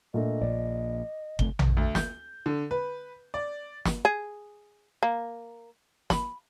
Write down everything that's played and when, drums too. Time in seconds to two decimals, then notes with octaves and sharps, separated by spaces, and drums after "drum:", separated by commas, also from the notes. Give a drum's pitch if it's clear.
0.14 A#2 A3 D4 D#5
0.41 A#1 A#2 D5
1.39 F#1 C3 A3 G7, drum: kick G1
1.59 drum: tom A#1
1.77 D2
1.95 G6, drum: snare
2.46 D3
2.71 B4
3.34 D5
3.86 drum: snare
4.05 G#4
5.03 A#3
6.10 B5, drum: snare